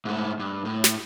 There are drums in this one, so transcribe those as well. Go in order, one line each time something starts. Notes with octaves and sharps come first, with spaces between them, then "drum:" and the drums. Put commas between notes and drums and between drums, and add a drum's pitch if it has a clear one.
G#2 A3
G2
A2
drum: snare